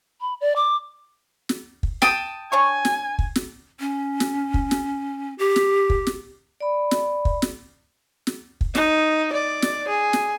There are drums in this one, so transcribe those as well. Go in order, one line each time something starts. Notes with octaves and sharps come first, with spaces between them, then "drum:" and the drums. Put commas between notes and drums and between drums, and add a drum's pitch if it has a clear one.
B5
D5
D6
drum: snare
drum: kick
G5 A5 D#6, drum: snare
D4 C#5 G#5 C#6
drum: snare
drum: kick
drum: snare
C#4
drum: snare
drum: kick
drum: snare
G4
drum: snare
drum: kick
drum: snare
D5 B5
drum: snare
drum: kick
drum: snare
drum: snare
drum: kick
D#4, drum: snare
D5
drum: snare
G#4
drum: snare